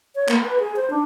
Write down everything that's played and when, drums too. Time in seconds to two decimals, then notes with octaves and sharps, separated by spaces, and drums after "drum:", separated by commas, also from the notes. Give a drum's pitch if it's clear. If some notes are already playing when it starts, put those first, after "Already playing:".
0.16 C#5
0.28 A#3, drum: clap
0.44 B4
0.59 G#4
0.76 C5
0.90 D4